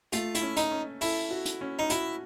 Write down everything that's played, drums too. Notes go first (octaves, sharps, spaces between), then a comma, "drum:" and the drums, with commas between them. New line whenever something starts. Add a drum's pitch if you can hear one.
A3 F4, drum: hi-hat
E4, drum: hi-hat
C#4
D#4, drum: hi-hat
C#4
E4 A4, drum: open hi-hat
F#4
drum: hi-hat
C#4
D#4
E4 F#4, drum: hi-hat